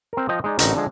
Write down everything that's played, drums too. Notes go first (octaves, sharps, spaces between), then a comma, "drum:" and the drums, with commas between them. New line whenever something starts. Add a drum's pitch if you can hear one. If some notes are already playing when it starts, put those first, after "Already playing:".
C4 A#4
F3 D#5 G5
G#3 D#4 D5
A1 D3 C4 D#4 F#4 A#4, drum: hi-hat
D3 F3 G#3